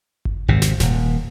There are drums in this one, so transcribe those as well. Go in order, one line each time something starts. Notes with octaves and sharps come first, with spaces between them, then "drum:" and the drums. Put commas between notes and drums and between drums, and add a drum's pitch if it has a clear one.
drum: kick G1
G#1 C3
drum: snare
D#1, drum: snare